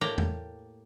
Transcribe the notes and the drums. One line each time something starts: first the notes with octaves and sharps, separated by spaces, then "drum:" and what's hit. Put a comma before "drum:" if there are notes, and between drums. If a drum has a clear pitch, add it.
A2 A#3 G4 D5 G5 A#5
drum: tom E2